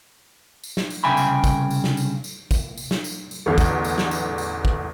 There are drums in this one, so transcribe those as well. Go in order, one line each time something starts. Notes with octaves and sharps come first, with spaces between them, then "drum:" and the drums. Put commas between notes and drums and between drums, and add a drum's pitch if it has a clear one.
drum: tambourine
drum: snare
drum: tambourine
C2 C#3 G5 G#5 B5
drum: tambourine
drum: kick, tambourine
drum: tambourine
drum: snare
drum: tambourine
drum: tambourine
drum: kick, tambourine
drum: tambourine
drum: snare
drum: tambourine
drum: tambourine
A1 E2 D3
drum: kick, tambourine
drum: tambourine
drum: snare
drum: tambourine
drum: tambourine
drum: kick